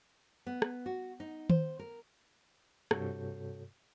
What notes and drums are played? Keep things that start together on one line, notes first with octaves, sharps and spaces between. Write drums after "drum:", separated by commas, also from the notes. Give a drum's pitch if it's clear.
B3
drum: rim click
F#4
D#4
C5, drum: tom D#3
A#4
G2 C3 F#4 A4 C#5 G6, drum: rim click